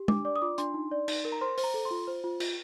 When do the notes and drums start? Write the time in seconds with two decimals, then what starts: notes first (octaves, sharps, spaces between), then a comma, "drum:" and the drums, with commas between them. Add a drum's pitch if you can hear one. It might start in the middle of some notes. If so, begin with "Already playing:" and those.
Already playing: G4
0.08 D4 D6, drum: tom
0.25 D5 D6
0.36 D#6
0.42 F4 D6
0.58 D4 C6, drum: hi-hat
0.74 D#4
0.91 D5
1.08 D#4, drum: cymbal
1.25 A#4
1.32 A#5
1.41 C5 C6
1.58 C5, drum: open hi-hat
1.64 A#5
1.74 A4
1.85 C6
1.91 F4
2.08 C5
2.24 F4
2.40 F4, drum: cymbal